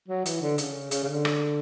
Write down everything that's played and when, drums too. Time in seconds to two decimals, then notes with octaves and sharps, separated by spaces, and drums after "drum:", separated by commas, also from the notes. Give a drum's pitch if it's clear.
0.08 F#3
0.26 E3, drum: hi-hat
0.42 D3
0.58 C#3, drum: hi-hat
0.91 C#3, drum: hi-hat
1.03 C#3
1.08 D3
1.25 drum: rim click